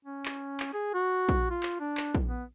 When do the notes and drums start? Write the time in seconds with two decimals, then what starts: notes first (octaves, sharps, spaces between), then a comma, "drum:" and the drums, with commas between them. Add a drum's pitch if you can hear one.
0.05 C#4
0.26 drum: clap
0.60 drum: clap
0.73 G#4
0.94 F#4
1.29 drum: kick A#1
1.51 F4
1.63 drum: clap
1.80 D4
1.97 drum: clap
2.15 drum: kick A#1
2.28 B3